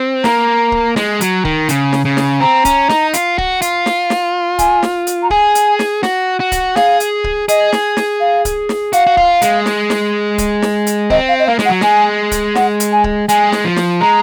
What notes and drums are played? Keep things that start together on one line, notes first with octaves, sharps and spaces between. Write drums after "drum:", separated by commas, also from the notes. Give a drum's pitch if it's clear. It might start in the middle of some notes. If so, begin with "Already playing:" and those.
Already playing: C4
A#3 A#5, drum: snare
drum: kick C#1
G#3, drum: snare
F#3, drum: hi-hat
D#3, drum: kick C#1
C#3, drum: hi-hat
drum: snare
C#3
drum: snare
C4 A#5
C#4, drum: kick C#1, hi-hat
D#4, drum: snare
F4, drum: hi-hat
F#4, drum: kick C#1
F4, drum: hi-hat
drum: snare
drum: snare
G#5, drum: kick C#1, hi-hat
drum: snare
drum: hi-hat
A#5
G#4 G#5, drum: kick C#1
drum: hi-hat
drum: snare
F#4, drum: snare
F#4
drum: kick C#1, hi-hat
G#4 F5, drum: snare
drum: hi-hat
drum: kick C#1
G#4 D#5, drum: hi-hat
drum: snare
drum: snare
F5
drum: kick C#1, hi-hat
drum: snare
F#4 F5, drum: hi-hat
F#4
F4, drum: kick C#1
G#3, drum: hi-hat
drum: snare
drum: snare
drum: kick C#1, hi-hat
drum: snare
drum: hi-hat
C4 D#5, drum: kick C#1
F5
D#5
A#3 F5
G#3, drum: snare
F#5
F#3
G#3 G#5, drum: snare
drum: kick C#1, hi-hat
F#5, drum: snare
drum: hi-hat
G#5
drum: kick C#1
G#3 G#5, drum: hi-hat
drum: snare
F3
drum: snare
G#3 A#5